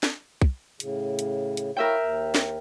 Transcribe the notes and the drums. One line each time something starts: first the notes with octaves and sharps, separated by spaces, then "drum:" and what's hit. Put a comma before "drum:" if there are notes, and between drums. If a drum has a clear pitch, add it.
drum: snare
drum: kick
A2 C#3, drum: hi-hat
drum: hi-hat
drum: hi-hat
E4 A#4 C#5 E5 F5 G5
D#2
drum: snare